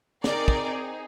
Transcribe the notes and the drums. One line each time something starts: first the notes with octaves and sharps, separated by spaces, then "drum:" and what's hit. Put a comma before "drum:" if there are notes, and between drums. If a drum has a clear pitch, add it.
C4 D#4 G#4 A#4 D5, drum: snare
drum: kick